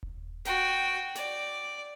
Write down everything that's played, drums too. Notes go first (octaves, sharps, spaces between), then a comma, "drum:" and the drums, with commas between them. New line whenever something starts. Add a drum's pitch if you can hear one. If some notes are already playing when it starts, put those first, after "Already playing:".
drum: kick D#1
F#4 G5, drum: snare
D5, drum: snare